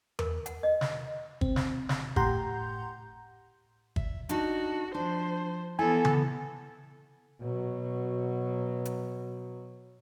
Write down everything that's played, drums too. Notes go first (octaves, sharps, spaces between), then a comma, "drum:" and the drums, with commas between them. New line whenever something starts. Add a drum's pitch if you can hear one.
A#4, drum: tom E2
F#5, drum: hi-hat
D#5
drum: snare
C4, drum: kick G1
drum: snare
drum: snare
A2 G4 F#5 A#5 C6 G6, drum: kick G1
E5, drum: kick G1
D4 D#4 F#4 A4, drum: hi-hat
F3 D4 C5
E3 B3 E4 A4 C#5 G#5
drum: tom C#3
B2 F#3
drum: hi-hat